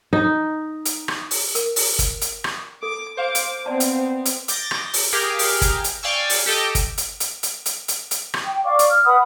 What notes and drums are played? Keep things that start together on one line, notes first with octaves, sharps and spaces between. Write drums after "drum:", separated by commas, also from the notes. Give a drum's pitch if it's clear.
D#4
drum: hi-hat
drum: rim click
drum: open hi-hat
A#4, drum: hi-hat
drum: open hi-hat
drum: kick, hi-hat
drum: hi-hat
drum: rim click
A4 D6
C5 F5 D6
drum: hi-hat
B3 C4 D5 A5
drum: hi-hat
drum: hi-hat
D6 G6 A6 A#6, drum: hi-hat
drum: rim click
drum: open hi-hat
G4 G#4 A#4 F5 G5
drum: open hi-hat
drum: kick, hi-hat
drum: hi-hat
D5 F5 G5 G#5 C#6 E6
drum: open hi-hat
G4 A4 D#5 G5
drum: kick, hi-hat
drum: hi-hat
drum: hi-hat
drum: hi-hat
drum: hi-hat
drum: hi-hat
drum: hi-hat
drum: rim click
G5
D5 F5 C#6 D6
drum: hi-hat
F6
B4 F#5 B5 D#6